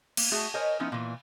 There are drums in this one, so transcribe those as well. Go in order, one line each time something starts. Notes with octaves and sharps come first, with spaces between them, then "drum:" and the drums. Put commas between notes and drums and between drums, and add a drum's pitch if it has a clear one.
A#3, drum: cymbal
A3 F#4 G#4
A#4 C5 C#5 D#5 G#5
F3 B3 C#4 D#4 E4
A#2 E3